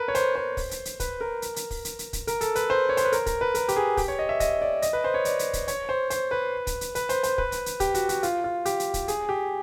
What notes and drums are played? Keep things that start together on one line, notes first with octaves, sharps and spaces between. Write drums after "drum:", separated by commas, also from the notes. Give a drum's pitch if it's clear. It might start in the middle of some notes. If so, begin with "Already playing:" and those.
Already playing: A#4 B4
C#5
C5, drum: hi-hat
C5
drum: kick, open hi-hat
drum: hi-hat
drum: hi-hat
B4, drum: kick, hi-hat
A#4
drum: hi-hat
drum: hi-hat
drum: kick, open hi-hat
drum: hi-hat
drum: hi-hat
drum: kick, hi-hat
A#4, drum: hi-hat
A4, drum: hi-hat
B4, drum: hi-hat
C5
C#5
C5, drum: hi-hat
B4
A#4, drum: hi-hat
A#4, drum: kick, hi-hat
B4
A#4, drum: hi-hat
G4, drum: hi-hat
G#4
G4, drum: kick, open hi-hat
C#5
D#5
E5
D#5, drum: kick, hi-hat
D5
D#5, drum: hi-hat
B4
C5
C#5
D5, drum: hi-hat
drum: hi-hat
drum: kick, hi-hat
C#5, drum: hi-hat
C5
C5, drum: hi-hat
B4
drum: kick, hi-hat
drum: hi-hat
B4, drum: hi-hat
C5, drum: hi-hat
C5, drum: hi-hat
B4, drum: kick
drum: hi-hat
drum: hi-hat
G4, drum: kick, hi-hat
F#4, drum: hi-hat
F#4, drum: hi-hat
F4, drum: hi-hat
F4
G4, drum: hi-hat
drum: hi-hat
drum: kick, hi-hat
G#4, drum: hi-hat
G4